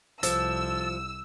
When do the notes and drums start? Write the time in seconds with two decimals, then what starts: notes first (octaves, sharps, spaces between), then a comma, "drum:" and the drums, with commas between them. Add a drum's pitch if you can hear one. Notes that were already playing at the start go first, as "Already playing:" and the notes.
0.23 C2 F3 A4 E6, drum: hi-hat